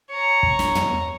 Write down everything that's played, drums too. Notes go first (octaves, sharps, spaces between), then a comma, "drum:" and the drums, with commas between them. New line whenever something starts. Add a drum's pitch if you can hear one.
C#5 A#5
drum: kick
drum: snare
drum: tom